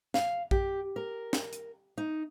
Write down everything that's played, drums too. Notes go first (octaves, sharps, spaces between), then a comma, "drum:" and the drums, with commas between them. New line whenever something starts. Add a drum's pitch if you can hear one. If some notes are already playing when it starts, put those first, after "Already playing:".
F5, drum: snare
G4, drum: kick A#1
A#4
drum: snare
drum: hi-hat
D#4